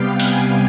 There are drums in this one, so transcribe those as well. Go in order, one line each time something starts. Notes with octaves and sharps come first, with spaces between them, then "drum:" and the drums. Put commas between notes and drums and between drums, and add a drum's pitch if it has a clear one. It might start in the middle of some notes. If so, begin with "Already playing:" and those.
Already playing: C3 G3 B3 F5 G5
G#5, drum: open hi-hat